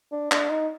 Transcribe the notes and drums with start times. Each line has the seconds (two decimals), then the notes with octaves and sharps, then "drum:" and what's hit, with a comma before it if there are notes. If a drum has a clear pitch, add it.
0.12 D4
0.31 D4, drum: clap
0.50 D#4